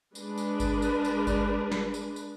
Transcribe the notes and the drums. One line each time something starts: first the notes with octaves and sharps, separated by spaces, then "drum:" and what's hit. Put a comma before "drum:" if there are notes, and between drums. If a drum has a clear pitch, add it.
G#3 D4 B4, drum: tambourine
drum: tambourine
drum: kick G1, tambourine
drum: tambourine
drum: tambourine
drum: kick G1, tambourine
drum: snare
drum: tambourine
drum: tambourine